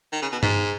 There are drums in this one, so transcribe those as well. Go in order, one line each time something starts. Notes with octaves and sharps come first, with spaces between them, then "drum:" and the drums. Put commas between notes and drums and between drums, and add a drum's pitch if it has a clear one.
D#3
C#3
B2
G#2, drum: tom